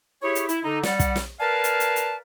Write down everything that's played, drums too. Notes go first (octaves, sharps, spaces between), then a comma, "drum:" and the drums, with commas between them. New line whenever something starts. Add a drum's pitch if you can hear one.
E4 G4 G#4 C#5
drum: hi-hat
E4, drum: hi-hat
D3 D#4
G3 D5 F#5, drum: snare
drum: kick, hi-hat
drum: snare
A#4 B4 D5 F5 G#5 A5
drum: hi-hat
drum: hi-hat
drum: hi-hat